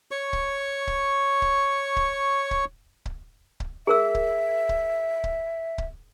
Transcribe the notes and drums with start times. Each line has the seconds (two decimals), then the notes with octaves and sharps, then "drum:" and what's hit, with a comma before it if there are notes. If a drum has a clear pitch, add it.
0.11 C#5 C#6
0.33 drum: kick C#1
0.87 drum: kick C#1
1.42 drum: kick C#1
1.96 drum: kick C#1
2.51 drum: kick C#1
3.06 drum: kick C#1
3.60 drum: kick C#1
3.87 G#4 A#4 E5 E6
4.15 drum: kick C#1
4.69 drum: kick C#1
5.24 drum: kick C#1
5.78 drum: kick C#1